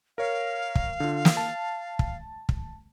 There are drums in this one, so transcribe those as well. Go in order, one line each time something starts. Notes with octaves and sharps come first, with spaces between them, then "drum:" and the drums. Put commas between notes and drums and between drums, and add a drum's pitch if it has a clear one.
A#4 C#5 F5
drum: kick
D3 F4
drum: snare
A5
drum: kick
drum: kick